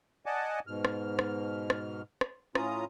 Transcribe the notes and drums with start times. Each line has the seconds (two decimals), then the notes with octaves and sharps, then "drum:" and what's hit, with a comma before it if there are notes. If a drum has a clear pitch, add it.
0.26 D5 D#5 F#5 G#5 A5 D6
0.67 G#2 B2 F6
0.85 drum: rim click
1.19 drum: rim click
1.70 drum: rim click
2.21 drum: rim click
2.55 A2 C#4 F4 A#5 D#6, drum: rim click